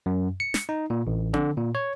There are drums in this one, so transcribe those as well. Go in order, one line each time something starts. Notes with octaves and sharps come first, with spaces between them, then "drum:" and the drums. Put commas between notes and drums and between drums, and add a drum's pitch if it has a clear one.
F#2
C#7
drum: snare
D#4
A#2
A1
D3, drum: tom C4
A#2
C#5